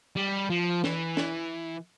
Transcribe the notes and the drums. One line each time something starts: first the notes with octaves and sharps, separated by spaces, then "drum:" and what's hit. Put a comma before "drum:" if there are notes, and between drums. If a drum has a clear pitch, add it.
G3
F3
E3, drum: snare
drum: snare